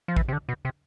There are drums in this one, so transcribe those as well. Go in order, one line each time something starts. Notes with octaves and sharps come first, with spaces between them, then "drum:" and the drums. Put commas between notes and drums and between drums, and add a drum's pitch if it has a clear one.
F3
E3, drum: kick A1
C3
D3
B2
C3